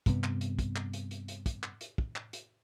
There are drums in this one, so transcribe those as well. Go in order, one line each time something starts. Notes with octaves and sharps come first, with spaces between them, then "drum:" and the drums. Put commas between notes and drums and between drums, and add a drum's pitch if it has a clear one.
G2 C3 B3, drum: kick, hi-hat
drum: clap
drum: hi-hat
drum: kick, hi-hat
drum: clap
drum: hi-hat
drum: hi-hat
drum: hi-hat
drum: kick, hi-hat
drum: clap
drum: hi-hat
drum: kick
drum: clap
drum: hi-hat